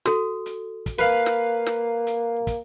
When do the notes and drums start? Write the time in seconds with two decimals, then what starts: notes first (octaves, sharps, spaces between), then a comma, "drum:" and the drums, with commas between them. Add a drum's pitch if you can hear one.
0.06 F#4 A4, drum: snare
0.46 drum: hi-hat
0.86 drum: kick, hi-hat
0.99 A#3 B4 F5
1.26 drum: snare
1.66 drum: snare
2.07 drum: hi-hat
2.47 drum: kick, hi-hat